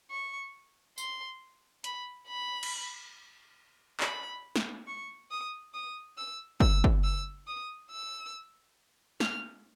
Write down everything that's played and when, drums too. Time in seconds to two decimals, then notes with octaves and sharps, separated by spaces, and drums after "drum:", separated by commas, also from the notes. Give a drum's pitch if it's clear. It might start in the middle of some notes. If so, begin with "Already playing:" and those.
0.10 C#6
0.98 C6, drum: tambourine
1.84 B5, drum: hi-hat
2.28 B5
2.63 drum: cymbal
4.00 B5, drum: clap
4.56 drum: snare
4.87 C#6
5.31 D#6
5.74 D#6
6.18 E6
6.60 E6, drum: kick
6.84 drum: kick
7.04 E6
7.47 D#6
7.90 E6
9.20 F6, drum: snare